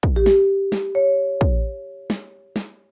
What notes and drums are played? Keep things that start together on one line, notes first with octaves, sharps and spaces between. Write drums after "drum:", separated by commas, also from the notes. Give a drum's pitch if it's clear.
drum: kick
G4
drum: snare
drum: snare
C#5
drum: kick
drum: snare
drum: snare